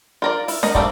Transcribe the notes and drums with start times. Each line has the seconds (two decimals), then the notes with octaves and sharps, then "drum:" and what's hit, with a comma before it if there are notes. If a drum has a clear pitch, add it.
0.22 F4 A#4 D5
0.48 E4, drum: open hi-hat
0.63 A#4 D#5 F#5, drum: snare D4
0.75 G3 A3 A#3 C4 D4, drum: kick